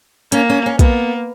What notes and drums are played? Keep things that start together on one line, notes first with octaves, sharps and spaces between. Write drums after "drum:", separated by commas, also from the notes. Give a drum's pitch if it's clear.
A#3 C#4, drum: hi-hat
C#4
C#4
A#3 B3, drum: kick, hi-hat